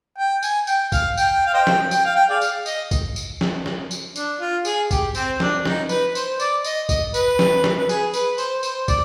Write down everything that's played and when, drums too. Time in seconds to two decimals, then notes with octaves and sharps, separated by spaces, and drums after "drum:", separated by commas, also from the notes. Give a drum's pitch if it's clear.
0.18 G5
0.43 G#5, drum: tambourine
0.67 G5, drum: tambourine
0.92 F5, drum: kick, tambourine
1.17 G5, drum: tambourine
1.46 F5
1.54 C5 D#5 G5
1.67 drum: snare
1.91 G5, drum: tambourine
2.05 F5
2.16 G5
2.30 G#4 D5 F5
2.41 drum: tambourine
2.66 D#5, drum: tambourine
2.91 drum: kick, tambourine
3.16 drum: tambourine
3.41 drum: snare
3.66 drum: snare
3.91 drum: tambourine
4.16 D4, drum: tambourine
4.40 F4
4.65 G#4, drum: tambourine
4.91 G4, drum: kick, tambourine
5.15 C4, drum: tambourine
5.40 D4, drum: snare
5.65 D#4, drum: snare
5.89 B4, drum: tambourine
6.15 C5, drum: tambourine
6.40 D5, drum: tambourine
6.64 D#5, drum: tambourine
6.89 D#5, drum: kick, tambourine
7.14 B4, drum: tambourine
7.39 drum: snare
7.64 drum: snare
7.78 B4
7.89 G#4, drum: tambourine
8.13 B4, drum: tambourine
8.38 C5, drum: tambourine
8.63 C5, drum: tambourine
8.88 D5, drum: kick, tambourine